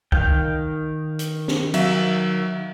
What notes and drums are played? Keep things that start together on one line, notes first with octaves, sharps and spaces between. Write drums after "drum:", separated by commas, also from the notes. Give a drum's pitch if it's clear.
D#3 F5 G5, drum: kick
drum: hi-hat
drum: snare
F#3 E5, drum: cymbal